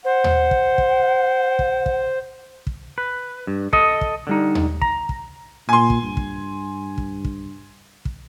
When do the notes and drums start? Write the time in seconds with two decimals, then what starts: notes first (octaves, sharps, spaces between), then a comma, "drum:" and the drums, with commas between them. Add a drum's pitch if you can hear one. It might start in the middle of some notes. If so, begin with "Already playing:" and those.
0.04 C5 F#5
0.24 drum: tom D#2
0.51 drum: kick
0.78 drum: kick
1.59 drum: kick
1.86 drum: kick
2.67 drum: kick
2.98 B4
3.47 G2
3.73 A4 D#5, drum: kick
4.01 drum: kick
4.27 D3 G3 D#4
4.55 drum: tom D#2
4.82 A#5, drum: kick
5.09 drum: kick
5.69 A#2 G#5 C6
5.90 drum: kick
6.03 G2
6.17 drum: kick
6.98 drum: kick
7.25 drum: kick
8.05 drum: kick